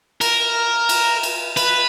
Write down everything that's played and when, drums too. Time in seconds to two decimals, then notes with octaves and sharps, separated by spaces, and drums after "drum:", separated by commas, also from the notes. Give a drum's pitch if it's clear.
0.21 A#4, drum: cymbal
0.89 drum: cymbal
1.23 drum: cymbal
1.57 B4, drum: cymbal